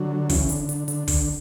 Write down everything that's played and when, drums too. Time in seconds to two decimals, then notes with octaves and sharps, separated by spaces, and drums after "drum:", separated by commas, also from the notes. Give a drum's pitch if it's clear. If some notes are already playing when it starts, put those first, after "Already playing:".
Already playing: D3 F#3
0.30 C#3 E3, drum: kick, open hi-hat
0.49 D3, drum: hi-hat
0.69 D3, drum: hi-hat
0.88 D3, drum: hi-hat
1.08 D3, drum: kick, open hi-hat